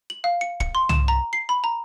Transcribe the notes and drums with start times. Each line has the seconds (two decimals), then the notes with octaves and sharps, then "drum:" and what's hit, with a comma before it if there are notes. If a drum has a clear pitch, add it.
0.10 F#7
0.24 F5
0.41 C#7
0.60 C#7, drum: kick
0.75 C6
0.89 E7, drum: tom
1.08 A#5
1.33 C7
1.49 B5
1.64 A#5